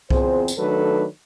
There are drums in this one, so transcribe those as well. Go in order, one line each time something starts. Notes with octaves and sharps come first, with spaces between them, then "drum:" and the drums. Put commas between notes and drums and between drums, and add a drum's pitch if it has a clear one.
E2 C4 F4 G#4 C5, drum: kick C2
drum: tambourine
D#3 F#3 A3 D4 A4 B4